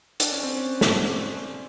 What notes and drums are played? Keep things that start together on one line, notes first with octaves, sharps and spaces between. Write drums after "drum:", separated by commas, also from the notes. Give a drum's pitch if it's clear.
D4, drum: hi-hat
C#4
C4
C#4
drum: snare